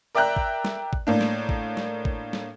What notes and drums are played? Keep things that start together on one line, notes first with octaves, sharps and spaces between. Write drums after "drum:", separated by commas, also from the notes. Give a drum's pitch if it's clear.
A#4 D5 E5 G5 A#5 F#6
drum: kick G#1
drum: snare
drum: kick G#1
A2 A#3 D4
drum: snare
drum: kick G#1
drum: snare
drum: kick G#1
drum: snare